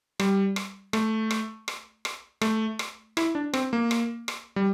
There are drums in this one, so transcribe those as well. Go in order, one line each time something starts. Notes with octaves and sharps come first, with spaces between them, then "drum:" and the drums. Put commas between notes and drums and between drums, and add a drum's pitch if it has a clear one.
G3, drum: rim click
drum: rim click
A3, drum: rim click
drum: rim click
drum: rim click
drum: rim click
A3, drum: rim click
drum: rim click
E4, drum: rim click
D4
C4, drum: rim click
A#3
drum: rim click
drum: rim click
G3